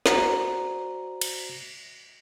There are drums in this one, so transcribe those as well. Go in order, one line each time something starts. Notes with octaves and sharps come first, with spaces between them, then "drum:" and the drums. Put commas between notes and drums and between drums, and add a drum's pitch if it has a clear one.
F#4 C5 D5 A#5, drum: snare
drum: cymbal